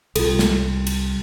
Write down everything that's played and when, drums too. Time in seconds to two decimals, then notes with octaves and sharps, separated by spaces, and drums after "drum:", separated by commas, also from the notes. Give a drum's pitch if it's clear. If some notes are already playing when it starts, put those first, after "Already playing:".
0.16 C2 F4 A4, drum: cymbal
0.39 drum: snare
0.87 drum: cymbal